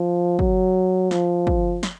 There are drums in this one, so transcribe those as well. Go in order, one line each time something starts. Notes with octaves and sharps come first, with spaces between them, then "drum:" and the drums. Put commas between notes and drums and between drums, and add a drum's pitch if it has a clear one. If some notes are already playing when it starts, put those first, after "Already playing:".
Already playing: F3
F#3, drum: kick
F3, drum: snare
drum: kick
drum: snare